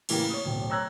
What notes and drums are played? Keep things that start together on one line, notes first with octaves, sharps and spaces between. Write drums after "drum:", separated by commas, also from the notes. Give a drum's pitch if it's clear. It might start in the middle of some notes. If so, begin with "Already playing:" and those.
A2 C#3 E3 A#3 G4, drum: cymbal
C#5 D#6
D1 B1
C#5 A#5 E6 F#6 G#6 A#6